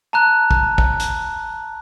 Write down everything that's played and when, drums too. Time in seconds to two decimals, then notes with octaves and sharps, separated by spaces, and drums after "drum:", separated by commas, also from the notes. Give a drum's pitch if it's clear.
0.13 A5 A#5 F#6
0.51 drum: kick
0.78 drum: kick
1.00 drum: hi-hat